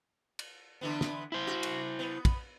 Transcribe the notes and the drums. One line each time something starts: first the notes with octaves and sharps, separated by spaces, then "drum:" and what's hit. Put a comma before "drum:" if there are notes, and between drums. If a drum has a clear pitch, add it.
drum: cymbal
D3 E3 B3
drum: snare
E4 C5
F#4
drum: cymbal
B3
drum: kick, cymbal